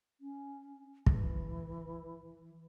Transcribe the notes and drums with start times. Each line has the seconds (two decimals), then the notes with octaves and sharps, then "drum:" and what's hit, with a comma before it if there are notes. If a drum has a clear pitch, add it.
0.21 C#4
1.06 E3, drum: kick